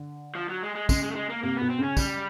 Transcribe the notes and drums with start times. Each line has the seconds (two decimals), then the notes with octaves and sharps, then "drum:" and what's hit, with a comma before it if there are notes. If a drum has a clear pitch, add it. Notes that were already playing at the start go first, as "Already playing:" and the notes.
Already playing: D3
0.35 F3
0.49 F#3
0.63 G#3
0.75 G#3
0.89 C#3 G#3, drum: kick, tambourine
1.03 G#3
1.11 A3
1.15 G#3
1.30 A#3
1.43 C3 A#3
1.57 B2 B3
1.70 C4
1.78 C#3 C#4
1.97 G3, drum: kick, tambourine